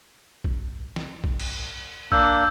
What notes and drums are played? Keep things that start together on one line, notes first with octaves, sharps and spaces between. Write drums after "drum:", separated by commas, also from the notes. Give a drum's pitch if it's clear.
drum: kick
drum: snare
drum: kick
drum: cymbal
A#3 D4 E6 G6, drum: kick